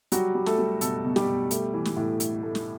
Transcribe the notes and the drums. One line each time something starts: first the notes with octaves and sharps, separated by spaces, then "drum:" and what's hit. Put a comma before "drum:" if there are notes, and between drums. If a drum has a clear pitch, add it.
F#3 G3 F#4, drum: hi-hat
G3
A3 A4, drum: snare
G3
B2 A3 A4, drum: hi-hat
B2
G3 G4, drum: snare
B2
A3, drum: hi-hat
E3
drum: snare
A2
A3, drum: hi-hat
A3
drum: snare